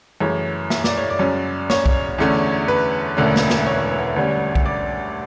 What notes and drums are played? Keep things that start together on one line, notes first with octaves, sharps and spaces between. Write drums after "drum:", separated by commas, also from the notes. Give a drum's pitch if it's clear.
F#2 C#3 E3 A3 C#5
E5, drum: snare
D5, drum: snare
C#5
D5
F#2 C#3 F#3 C#4
C#5, drum: snare
drum: kick B1
E2 D3 A3 C#4
B4
E1 D2 D3 A3 C#4
drum: snare
drum: snare
C#5
D2 D3 G3 C#4
drum: kick B1
D5